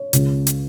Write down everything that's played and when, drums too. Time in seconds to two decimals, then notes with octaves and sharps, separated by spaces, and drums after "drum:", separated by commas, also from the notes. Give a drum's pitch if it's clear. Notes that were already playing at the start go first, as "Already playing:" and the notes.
Already playing: C#5
0.13 C#2 C#3 G#3, drum: hi-hat
0.47 drum: hi-hat